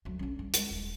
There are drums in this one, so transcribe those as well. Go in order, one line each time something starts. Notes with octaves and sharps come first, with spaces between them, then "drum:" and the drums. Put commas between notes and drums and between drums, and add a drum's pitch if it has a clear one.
D2 F#3
D3 C#4
G2
G#3, drum: hi-hat
D#1